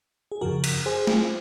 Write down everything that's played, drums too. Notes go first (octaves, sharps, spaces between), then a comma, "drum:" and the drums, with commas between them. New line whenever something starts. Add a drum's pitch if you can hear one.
G#4
F#2 C#3 F3 F#4 A#4
drum: cymbal
G#4 C5
drum: snare